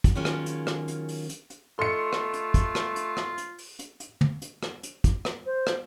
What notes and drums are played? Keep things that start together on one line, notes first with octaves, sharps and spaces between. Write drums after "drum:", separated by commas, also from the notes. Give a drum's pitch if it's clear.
drum: kick, hi-hat
D#3 F#3 G#3 A#3 C#4 F4
drum: rim click
drum: hi-hat
drum: rim click
drum: hi-hat
drum: open hi-hat
drum: hi-hat
drum: hi-hat
A3 F4 A4 D#5 C6 C#7
drum: rim click
drum: hi-hat
drum: kick, hi-hat
drum: rim click
drum: hi-hat
drum: rim click
drum: hi-hat
drum: open hi-hat
drum: hi-hat
drum: hi-hat
drum: tom
drum: hi-hat
drum: rim click
drum: hi-hat
drum: kick, hi-hat
drum: rim click
C5
drum: rim click